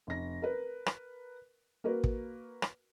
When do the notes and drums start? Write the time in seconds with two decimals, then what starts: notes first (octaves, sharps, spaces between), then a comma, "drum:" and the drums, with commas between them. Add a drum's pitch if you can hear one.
0.07 F1 A#6
0.42 A#4 B4
0.86 drum: rim click
1.84 A#3 F#4 A#4 B4
2.04 drum: kick
2.62 drum: rim click